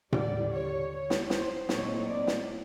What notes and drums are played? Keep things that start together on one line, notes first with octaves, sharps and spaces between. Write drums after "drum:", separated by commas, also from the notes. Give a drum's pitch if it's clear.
D#2 D3 G3 D5, drum: tom A2
C#5
C#5
drum: snare
C5, drum: snare
A#2 F#3 A3 C4 D#4 C#5, drum: snare
D5
drum: snare